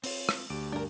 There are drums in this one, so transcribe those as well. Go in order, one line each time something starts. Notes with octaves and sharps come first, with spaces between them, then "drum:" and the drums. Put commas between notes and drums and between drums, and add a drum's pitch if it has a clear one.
C4 F4 C#5, drum: open hi-hat
drum: rim click
D2 G4 D5
G2 D4 A#4